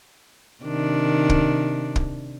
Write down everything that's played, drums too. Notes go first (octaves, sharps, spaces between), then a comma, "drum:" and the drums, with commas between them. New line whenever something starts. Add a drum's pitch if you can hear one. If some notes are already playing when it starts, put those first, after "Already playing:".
C3 D#3 D4
drum: kick
drum: kick